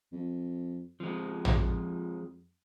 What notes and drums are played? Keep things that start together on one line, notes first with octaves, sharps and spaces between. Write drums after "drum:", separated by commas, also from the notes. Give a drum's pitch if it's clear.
F2
F2 F3 G#3
drum: tom